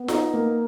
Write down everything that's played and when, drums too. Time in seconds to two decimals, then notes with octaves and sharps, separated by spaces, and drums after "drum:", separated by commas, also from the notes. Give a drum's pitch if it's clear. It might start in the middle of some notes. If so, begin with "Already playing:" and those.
Already playing: B3
0.08 D#4, drum: snare F4
0.34 A#3